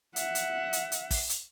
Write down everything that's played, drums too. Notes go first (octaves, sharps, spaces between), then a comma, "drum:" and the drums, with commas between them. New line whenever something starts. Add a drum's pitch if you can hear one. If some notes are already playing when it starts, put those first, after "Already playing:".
E5 F#5, drum: hi-hat
drum: hi-hat
drum: hi-hat
drum: hi-hat
drum: kick, open hi-hat
drum: hi-hat